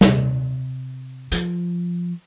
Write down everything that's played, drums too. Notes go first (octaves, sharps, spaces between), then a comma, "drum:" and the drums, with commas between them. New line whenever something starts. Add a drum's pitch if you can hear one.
C3, drum: snare
F3, drum: hi-hat